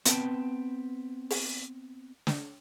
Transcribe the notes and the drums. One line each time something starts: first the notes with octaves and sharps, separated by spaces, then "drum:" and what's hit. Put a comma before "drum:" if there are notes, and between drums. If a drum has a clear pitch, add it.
B3 C4 B4 F#5 G5 A5, drum: hi-hat
drum: open hi-hat
drum: snare